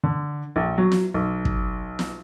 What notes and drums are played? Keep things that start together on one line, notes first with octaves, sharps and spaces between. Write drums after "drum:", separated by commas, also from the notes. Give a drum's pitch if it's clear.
D3
A#1
F#3
drum: snare
B1
drum: kick
drum: snare